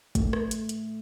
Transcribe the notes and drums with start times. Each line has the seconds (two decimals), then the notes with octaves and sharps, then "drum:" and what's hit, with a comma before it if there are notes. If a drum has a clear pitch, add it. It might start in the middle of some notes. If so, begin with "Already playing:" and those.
0.15 A3, drum: kick, hi-hat
0.33 drum: rim click
0.51 drum: hi-hat
0.69 drum: hi-hat